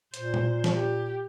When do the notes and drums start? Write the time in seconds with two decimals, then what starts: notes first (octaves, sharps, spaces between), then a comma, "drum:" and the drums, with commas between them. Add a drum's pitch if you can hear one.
0.14 A#2 C5, drum: hi-hat
0.34 drum: tom A#2
0.64 drum: snare F3
0.73 G4